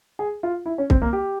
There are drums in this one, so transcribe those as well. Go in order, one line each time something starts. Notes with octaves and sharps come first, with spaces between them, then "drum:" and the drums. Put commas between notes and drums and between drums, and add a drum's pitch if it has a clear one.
G#4
F4
E4
C#4
C4, drum: kick C2
A#3
G4